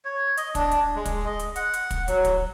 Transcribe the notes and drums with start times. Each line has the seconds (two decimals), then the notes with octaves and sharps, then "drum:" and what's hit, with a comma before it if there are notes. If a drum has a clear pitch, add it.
0.05 C#5
0.37 D#5, drum: hi-hat
0.55 D4, drum: kick, hi-hat
0.71 drum: hi-hat
0.96 G#3
1.05 drum: kick, hi-hat
1.26 D#5
1.39 drum: hi-hat
1.56 F#5, drum: hi-hat
1.74 drum: hi-hat
1.91 drum: kick, hi-hat
2.08 F#3, drum: hi-hat
2.25 drum: kick, hi-hat